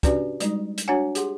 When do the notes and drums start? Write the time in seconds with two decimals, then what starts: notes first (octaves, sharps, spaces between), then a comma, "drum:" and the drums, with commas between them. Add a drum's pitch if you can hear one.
0.03 C#4 D4 F#4 G4 B4 D5, drum: kick, hi-hat
0.40 G3 G#3 D#4, drum: hi-hat
0.78 drum: hi-hat
0.88 D4 F#4 C#5 F#5 G#5
1.15 G4 G#4 F#5 C6, drum: hi-hat